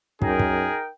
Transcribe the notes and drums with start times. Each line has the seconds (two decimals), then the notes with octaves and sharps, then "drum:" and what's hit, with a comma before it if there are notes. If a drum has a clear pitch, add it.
0.22 F#2 D#4 G#4 A#4 G5, drum: kick
0.39 drum: kick